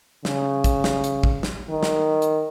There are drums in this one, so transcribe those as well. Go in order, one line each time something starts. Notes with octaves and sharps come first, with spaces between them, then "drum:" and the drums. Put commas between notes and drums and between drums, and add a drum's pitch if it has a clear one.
C#3, drum: snare
drum: kick, hi-hat
drum: snare
drum: hi-hat
drum: kick
drum: snare
D#3
drum: snare
drum: hi-hat